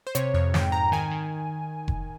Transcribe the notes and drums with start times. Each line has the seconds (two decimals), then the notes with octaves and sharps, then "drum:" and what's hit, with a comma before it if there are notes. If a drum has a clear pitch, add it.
0.07 C5
0.15 C3 C#5, drum: hi-hat
0.34 F2 C#5
0.54 G#2 G5, drum: snare
0.72 G#2 A#5
0.92 D#3 G#5
1.11 D#3
1.88 drum: kick F1